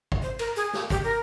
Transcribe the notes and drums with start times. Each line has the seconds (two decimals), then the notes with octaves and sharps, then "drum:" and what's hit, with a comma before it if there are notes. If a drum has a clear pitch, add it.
0.12 drum: kick
0.22 C5
0.39 A#4, drum: cymbal
0.56 G#4
0.73 G4, drum: snare
0.90 G4, drum: kick
1.04 A#4